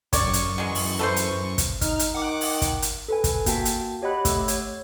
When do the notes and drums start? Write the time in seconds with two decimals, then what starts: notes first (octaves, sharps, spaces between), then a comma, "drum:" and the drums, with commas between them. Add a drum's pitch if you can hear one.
0.13 F#2 C#5 D5 C#6, drum: kick, hi-hat
0.33 drum: hi-hat
0.58 E3 F#3 G#3
0.75 drum: open hi-hat
0.99 A4 B4 C5
1.16 drum: hi-hat
1.58 drum: kick, hi-hat
1.81 D#4 F6, drum: kick, hi-hat
1.99 drum: hi-hat
2.15 D#3 F#5 D6
2.41 drum: open hi-hat
2.62 drum: kick, hi-hat
2.82 drum: hi-hat
3.08 A4 B4 G#5
3.24 drum: kick, hi-hat
3.46 A#3 F#4 G5 A5 B6, drum: kick, hi-hat
3.65 drum: hi-hat
4.02 G4 C#5 D#5 F#5 B5 F#6
4.25 A3 E6, drum: kick, hi-hat
4.48 C#5, drum: hi-hat